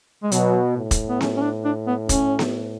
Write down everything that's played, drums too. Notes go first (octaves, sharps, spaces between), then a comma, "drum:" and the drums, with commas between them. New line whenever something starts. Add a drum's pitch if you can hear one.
G#3
B2 F#3, drum: hi-hat
A2
drum: kick E1, hi-hat
B3
C#4, drum: snare B3
C#4
D4
D4
B3
C#4, drum: kick E1, hi-hat
drum: snare B3